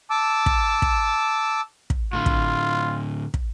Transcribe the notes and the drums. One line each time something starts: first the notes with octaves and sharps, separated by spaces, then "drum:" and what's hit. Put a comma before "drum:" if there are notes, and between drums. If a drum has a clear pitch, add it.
A5 D6 E6
drum: kick
drum: kick
drum: kick
A2 D3 F4
drum: kick
drum: kick